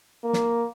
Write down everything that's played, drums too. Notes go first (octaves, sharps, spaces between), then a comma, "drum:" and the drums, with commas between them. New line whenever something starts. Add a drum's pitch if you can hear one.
A#3
drum: snare